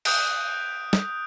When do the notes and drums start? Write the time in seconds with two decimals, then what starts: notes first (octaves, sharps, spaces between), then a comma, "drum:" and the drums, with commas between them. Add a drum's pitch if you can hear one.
0.05 D#6 F#6 G6 D7, drum: cymbal
0.93 drum: snare